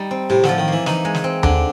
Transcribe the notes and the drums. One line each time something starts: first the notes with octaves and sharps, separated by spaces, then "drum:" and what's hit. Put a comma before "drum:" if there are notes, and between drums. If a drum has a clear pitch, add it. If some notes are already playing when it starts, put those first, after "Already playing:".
Already playing: G3 D#4
C4
A2 C3
D3, drum: snare
F3
D#3
E3 A#3
E3 D#4, drum: snare
G#3
drum: snare
C4
D3 D4, drum: tom D#2